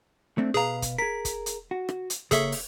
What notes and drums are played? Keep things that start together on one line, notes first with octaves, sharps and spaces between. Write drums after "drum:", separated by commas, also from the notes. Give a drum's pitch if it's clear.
A3 C4 D4
B2 G#4 B4 F5 A#5
drum: kick, hi-hat
G#4 A#4 B6
drum: kick, hi-hat
drum: hi-hat
F#4
drum: rim click
drum: hi-hat
C#3 A#3 G#4 A4 C#5 E5, drum: kick, hi-hat
drum: open hi-hat